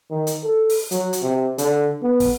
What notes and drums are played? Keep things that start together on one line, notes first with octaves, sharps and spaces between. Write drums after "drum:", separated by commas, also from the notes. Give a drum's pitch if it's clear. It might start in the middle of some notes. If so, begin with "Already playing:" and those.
D#3
drum: hi-hat
A4
drum: open hi-hat
F#3, drum: hi-hat
drum: hi-hat
C3
D3, drum: hi-hat
B3
drum: kick, open hi-hat